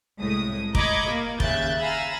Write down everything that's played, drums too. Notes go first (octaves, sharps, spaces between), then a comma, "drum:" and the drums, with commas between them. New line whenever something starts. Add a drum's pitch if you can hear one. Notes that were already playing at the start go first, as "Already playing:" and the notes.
C2 A2 G#3 D#6
D#5 A#5 B5 C#6 D6 G#6, drum: kick
A#3
D#2 C#3 E5 F#6 G6 A6, drum: kick
F5 G#5 A#5 B5 E6